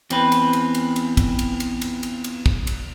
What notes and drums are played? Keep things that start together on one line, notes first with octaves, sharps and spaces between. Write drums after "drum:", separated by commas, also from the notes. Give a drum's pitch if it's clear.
E2 C4 B4, drum: cymbal
drum: cymbal
drum: cymbal
drum: cymbal
drum: cymbal
drum: kick, cymbal
drum: cymbal
drum: cymbal
drum: cymbal
drum: cymbal
drum: cymbal
drum: kick
drum: cymbal